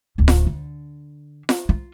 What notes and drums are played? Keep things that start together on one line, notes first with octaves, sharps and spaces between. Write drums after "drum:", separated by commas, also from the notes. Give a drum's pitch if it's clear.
D1 D2
drum: snare F4
D3
drum: snare F4
F4